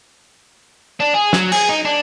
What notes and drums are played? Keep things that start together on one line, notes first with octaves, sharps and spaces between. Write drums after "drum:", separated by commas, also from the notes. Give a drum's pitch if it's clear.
D4
G#4
F#3, drum: snare
G#4, drum: cymbal
D#4
D4